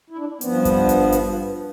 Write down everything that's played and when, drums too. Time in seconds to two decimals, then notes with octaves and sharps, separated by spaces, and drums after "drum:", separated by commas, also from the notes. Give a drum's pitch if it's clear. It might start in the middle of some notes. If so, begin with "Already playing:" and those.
0.10 E4
0.18 D4
0.41 G2 F3 B3 C4, drum: hi-hat
0.53 C4
0.65 D4, drum: kick G#1, hi-hat
0.89 drum: hi-hat
1.12 drum: hi-hat